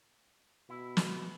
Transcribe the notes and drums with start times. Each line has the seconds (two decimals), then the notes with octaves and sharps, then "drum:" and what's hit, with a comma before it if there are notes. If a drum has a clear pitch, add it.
0.69 B2 E4
0.97 drum: snare